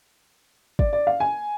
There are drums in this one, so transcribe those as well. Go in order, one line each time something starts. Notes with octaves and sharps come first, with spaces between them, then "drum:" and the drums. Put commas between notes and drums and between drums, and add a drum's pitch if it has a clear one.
D5, drum: kick
D5
F5
G#5